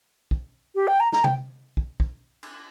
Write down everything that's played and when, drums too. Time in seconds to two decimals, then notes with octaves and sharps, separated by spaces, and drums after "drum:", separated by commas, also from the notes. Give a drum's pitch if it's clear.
0.31 drum: kick
0.75 G4
0.88 G5
1.00 A#5
1.12 A#5, drum: snare
1.24 G5, drum: tom C3
1.77 drum: kick
2.00 drum: kick
2.43 drum: cymbal